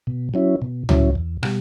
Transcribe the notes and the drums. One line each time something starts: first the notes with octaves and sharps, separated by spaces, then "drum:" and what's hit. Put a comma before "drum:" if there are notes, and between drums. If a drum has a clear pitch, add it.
B2
F#3 C#4 E4
B2
F#3 C#4 E4, drum: tom C#2
E2
B2 G3, drum: rim click